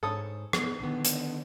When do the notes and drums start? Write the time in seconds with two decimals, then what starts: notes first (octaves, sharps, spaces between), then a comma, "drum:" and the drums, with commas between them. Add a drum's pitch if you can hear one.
0.03 G#2 A4 C#5 D#6
0.53 B3, drum: rim click
0.80 D3 D#3 B3
1.05 drum: hi-hat